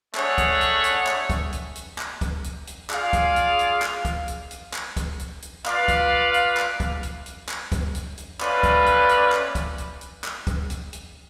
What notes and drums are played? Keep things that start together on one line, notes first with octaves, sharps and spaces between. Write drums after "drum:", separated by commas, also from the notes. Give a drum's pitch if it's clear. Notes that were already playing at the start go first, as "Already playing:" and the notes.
A3 D4 G#4 C#5 F#5, drum: clap
drum: kick, hi-hat
drum: hi-hat
drum: hi-hat
drum: clap
drum: kick, hi-hat
drum: hi-hat
drum: hi-hat
drum: clap
drum: kick, hi-hat
drum: hi-hat
drum: hi-hat
F4 G#4 D5 F5, drum: clap
drum: kick, hi-hat
drum: hi-hat
drum: hi-hat
drum: clap
drum: kick, hi-hat
drum: hi-hat
drum: hi-hat
drum: clap
drum: kick, hi-hat
drum: hi-hat
drum: hi-hat
F4 B4 D5 F5, drum: clap
drum: kick, hi-hat
drum: hi-hat
drum: clap
drum: kick, hi-hat
drum: hi-hat
drum: hi-hat
drum: clap
drum: kick, hi-hat
drum: hi-hat
drum: hi-hat
A3 C#4 F4 B4 D5, drum: clap
drum: kick, hi-hat
drum: hi-hat
drum: hi-hat
drum: clap
drum: kick, hi-hat
drum: hi-hat
drum: hi-hat
drum: clap
drum: kick, hi-hat
drum: hi-hat
drum: hi-hat